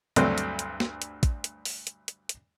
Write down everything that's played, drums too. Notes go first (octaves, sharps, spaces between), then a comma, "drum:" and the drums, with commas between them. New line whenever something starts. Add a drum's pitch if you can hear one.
D2 G2 F#3 A3 C4 D4, drum: hi-hat
drum: hi-hat
drum: hi-hat
drum: snare
drum: hi-hat
drum: kick, hi-hat
drum: hi-hat
drum: open hi-hat
drum: hi-hat
drum: hi-hat
drum: hi-hat